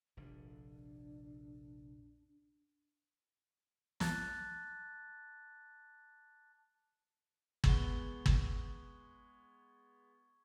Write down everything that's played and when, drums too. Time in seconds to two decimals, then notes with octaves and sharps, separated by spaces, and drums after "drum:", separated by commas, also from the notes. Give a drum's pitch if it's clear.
0.17 F1 A#1 D3 D4
4.00 A5 D6 F#6 A6, drum: snare
7.64 G#3 B3 C#6 G#6 G7, drum: kick G1
8.26 drum: kick G1